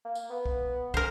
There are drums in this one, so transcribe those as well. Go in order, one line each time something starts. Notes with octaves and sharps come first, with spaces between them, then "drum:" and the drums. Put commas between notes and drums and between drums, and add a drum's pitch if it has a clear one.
A#3
drum: tambourine
B3
drum: kick
A#4 C5, drum: kick